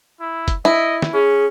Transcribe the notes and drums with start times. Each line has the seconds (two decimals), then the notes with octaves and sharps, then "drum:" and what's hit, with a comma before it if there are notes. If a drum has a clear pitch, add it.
0.20 E4
0.48 drum: kick, hi-hat
0.65 E4 D#5
1.02 drum: snare
1.14 C#4 G#4